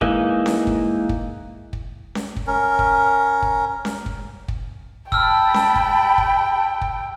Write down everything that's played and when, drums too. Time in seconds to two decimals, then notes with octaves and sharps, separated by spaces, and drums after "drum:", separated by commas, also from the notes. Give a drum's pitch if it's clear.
0.01 E3 G#3 A#3 D#4, drum: kick
0.46 drum: snare C#4
0.67 drum: kick
1.09 drum: kick
1.73 drum: kick
2.15 drum: snare C#4
2.36 drum: kick
2.47 C#4 A#4
2.79 drum: kick
3.42 drum: kick
3.85 drum: snare C#4
4.06 drum: kick
4.48 drum: kick
5.12 G5 A5 B5 E6 F6, drum: kick
5.54 drum: snare C#4
5.76 drum: kick
6.18 drum: kick
6.81 drum: kick